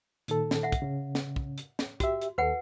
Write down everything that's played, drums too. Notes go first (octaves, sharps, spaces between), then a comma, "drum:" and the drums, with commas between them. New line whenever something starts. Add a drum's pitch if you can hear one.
A#2 D#3 A4, drum: hi-hat
drum: snare
E5 F#5
drum: kick, hi-hat
C#3 C#4
drum: snare
drum: kick
drum: hi-hat
drum: snare
F#4 G4 E5, drum: kick, hi-hat
drum: hi-hat
D#2 A4 B4 F#5 G5